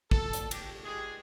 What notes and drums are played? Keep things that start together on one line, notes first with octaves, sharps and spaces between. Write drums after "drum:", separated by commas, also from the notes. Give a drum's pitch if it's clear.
A4, drum: kick
drum: hi-hat
G4, drum: cymbal
G#3 G4 G#4